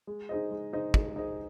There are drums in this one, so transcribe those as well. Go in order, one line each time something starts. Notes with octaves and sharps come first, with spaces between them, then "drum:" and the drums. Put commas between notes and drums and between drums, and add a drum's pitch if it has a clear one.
G#3
D#4 G#4 C5 D#5
G#3
D#4 G#4 C5 D#5
G#3, drum: kick
D#4 G#4 C5 D#5